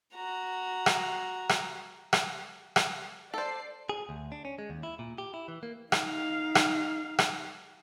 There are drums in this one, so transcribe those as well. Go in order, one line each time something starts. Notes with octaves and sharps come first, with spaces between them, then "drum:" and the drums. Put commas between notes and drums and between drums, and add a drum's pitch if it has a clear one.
F#4 A#5
drum: rim click
drum: rim click
drum: rim click
drum: rim click
A4 C5 D5 C7
G#4
D2
D4
C#4
G#3
D#2
E4
A#2
G4
E4
E3
A#3
D#4 F5, drum: rim click
drum: rim click
drum: rim click